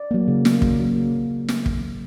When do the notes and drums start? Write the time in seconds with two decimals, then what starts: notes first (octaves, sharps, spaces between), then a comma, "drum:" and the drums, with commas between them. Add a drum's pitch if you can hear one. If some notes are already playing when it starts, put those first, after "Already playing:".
Already playing: D5
0.11 F#3 A#3
0.28 C#3
0.45 F#3 A#3, drum: snare
0.62 C#3, drum: kick
0.79 F#3 A#3
1.48 drum: snare
1.66 drum: kick